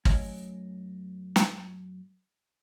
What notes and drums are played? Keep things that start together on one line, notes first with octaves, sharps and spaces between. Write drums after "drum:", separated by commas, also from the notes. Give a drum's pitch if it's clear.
F#2 A3 C#5 D#5 G#5, drum: kick G#1
drum: snare